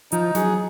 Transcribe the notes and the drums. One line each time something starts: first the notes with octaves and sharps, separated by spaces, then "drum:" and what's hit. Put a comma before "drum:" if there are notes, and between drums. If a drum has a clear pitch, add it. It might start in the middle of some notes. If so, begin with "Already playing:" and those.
F3 D#4, drum: hi-hat
F#3 G#4, drum: snare